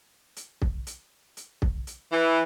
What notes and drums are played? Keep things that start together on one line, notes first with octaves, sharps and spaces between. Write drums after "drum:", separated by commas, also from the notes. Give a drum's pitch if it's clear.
drum: hi-hat
drum: kick
drum: hi-hat
drum: hi-hat
drum: kick
drum: hi-hat
E3